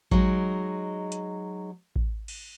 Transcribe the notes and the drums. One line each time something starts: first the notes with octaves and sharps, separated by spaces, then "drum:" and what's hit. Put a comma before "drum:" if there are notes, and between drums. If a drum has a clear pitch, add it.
F#3 G#3 D#4, drum: kick A1
drum: hi-hat
drum: kick A1
drum: cymbal